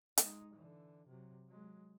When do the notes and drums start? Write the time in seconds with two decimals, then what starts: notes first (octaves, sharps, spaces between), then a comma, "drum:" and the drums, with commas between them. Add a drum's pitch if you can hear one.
0.18 G#3 D#4, drum: hi-hat
0.54 D3 E3
1.07 C3 F#3
1.48 F#3 G#3